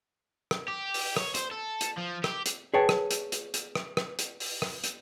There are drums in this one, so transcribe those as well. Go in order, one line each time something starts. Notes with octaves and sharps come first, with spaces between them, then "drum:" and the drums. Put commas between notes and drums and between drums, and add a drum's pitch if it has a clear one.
drum: rim click
G4
drum: open hi-hat
C#5, drum: rim click
C5, drum: hi-hat
A4
drum: hi-hat
F3
G4, drum: rim click
drum: hi-hat
G#4 B4 C#5 G5 A5
drum: rim click
drum: hi-hat
drum: hi-hat
drum: hi-hat
drum: rim click
drum: rim click
drum: hi-hat
drum: open hi-hat
drum: rim click
drum: hi-hat